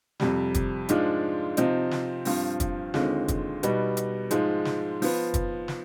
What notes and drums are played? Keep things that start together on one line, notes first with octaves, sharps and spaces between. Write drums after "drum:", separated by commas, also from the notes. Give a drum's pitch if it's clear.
F2 C3 G3, drum: snare
drum: kick, hi-hat
G#2 F3 G#3 D4 F4, drum: hi-hat
C3 F3 C4 D#4, drum: hi-hat
drum: snare
G2 F3 C4, drum: open hi-hat
drum: kick, hi-hat
D#2 D3 G#3 C4 F4, drum: snare
drum: kick, hi-hat
B2 G3 B3 D#4, drum: hi-hat
drum: hi-hat
G#2 F3 G#3, drum: hi-hat
drum: snare
F3 B3, drum: open hi-hat
drum: kick, hi-hat
drum: snare